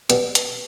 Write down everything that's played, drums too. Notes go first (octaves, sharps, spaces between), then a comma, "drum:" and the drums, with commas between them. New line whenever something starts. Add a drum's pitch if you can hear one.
B2 G3 B3, drum: hi-hat
drum: hi-hat